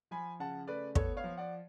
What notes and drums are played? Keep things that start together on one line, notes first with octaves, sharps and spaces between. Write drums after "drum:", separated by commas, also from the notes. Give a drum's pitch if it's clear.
F3 G#5 B5
C#3 F#5 A5
A3 B4 D5
B3 A4 C#5, drum: kick
C#5 F5
F3
D5 F#5